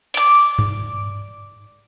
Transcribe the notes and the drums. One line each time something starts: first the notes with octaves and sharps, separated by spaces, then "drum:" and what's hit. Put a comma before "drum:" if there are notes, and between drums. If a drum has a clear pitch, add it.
D5 D6, drum: open hi-hat
drum: tom G2